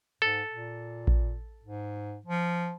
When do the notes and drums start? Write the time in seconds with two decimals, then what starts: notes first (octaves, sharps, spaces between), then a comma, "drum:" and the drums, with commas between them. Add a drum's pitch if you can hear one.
0.22 G#2 A4
0.52 A#2
1.07 drum: kick A1
1.64 G#2
2.26 F3